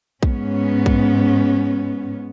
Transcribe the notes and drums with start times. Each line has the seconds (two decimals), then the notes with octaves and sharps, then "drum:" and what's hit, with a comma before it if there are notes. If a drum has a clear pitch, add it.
0.23 G#2 B3 C#4, drum: kick A#1
0.86 drum: kick A#1